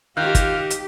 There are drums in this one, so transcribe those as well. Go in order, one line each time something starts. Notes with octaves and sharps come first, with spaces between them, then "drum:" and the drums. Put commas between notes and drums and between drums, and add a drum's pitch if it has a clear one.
D#3 F4 G4 F#6 G6
drum: kick, hi-hat
drum: hi-hat